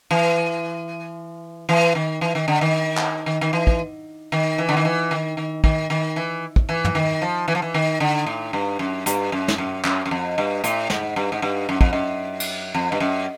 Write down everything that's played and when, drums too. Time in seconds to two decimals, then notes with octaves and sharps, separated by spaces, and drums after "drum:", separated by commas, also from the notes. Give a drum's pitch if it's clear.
0.11 E3
1.69 E3
1.95 D#3
2.21 E3
2.35 D#3
2.48 D3
2.61 D#3
2.97 drum: clap
3.26 D#3
3.41 D#3
3.53 E3
3.67 drum: kick
4.32 D#3
4.58 E3
4.69 D3
4.77 D#3
4.85 E3
5.11 D#3
5.37 D#3
5.64 D#3, drum: kick
5.90 D#3
6.16 E3
6.56 drum: kick
6.69 E3
6.85 drum: tom
6.95 D#3
7.22 F3
7.48 E3
7.55 F3
7.62 E3
7.74 D#3
8.00 D3
8.27 A2
8.53 G2
8.79 F#2
9.06 G2, drum: hi-hat
9.32 F#2
9.48 drum: snare
9.58 F#2
9.84 F#2, drum: clap
10.06 F#2
10.11 F2
10.38 G2
10.64 A2, drum: hi-hat
10.90 G#2, drum: snare
11.16 G2
11.32 G#2
11.42 G2
11.69 F#2
11.81 F2, drum: kick
11.93 F#2
12.40 drum: cymbal
12.75 F2
12.92 G2
13.00 F#2